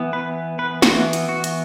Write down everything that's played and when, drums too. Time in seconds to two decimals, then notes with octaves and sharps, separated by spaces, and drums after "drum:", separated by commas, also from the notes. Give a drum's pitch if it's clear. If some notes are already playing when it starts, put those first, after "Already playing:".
Already playing: E3 B3
0.13 B4
0.59 B4
0.82 E3 B3 F#4, drum: snare
1.13 drum: hi-hat
1.29 F#4
1.44 drum: hi-hat